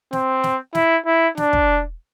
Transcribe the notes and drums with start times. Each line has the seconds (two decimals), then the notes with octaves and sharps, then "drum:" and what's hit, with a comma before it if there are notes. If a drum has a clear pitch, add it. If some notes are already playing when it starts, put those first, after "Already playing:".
0.13 C4, drum: snare
0.44 drum: snare
0.75 E4, drum: snare
1.06 E4
1.37 D4, drum: snare
1.53 drum: kick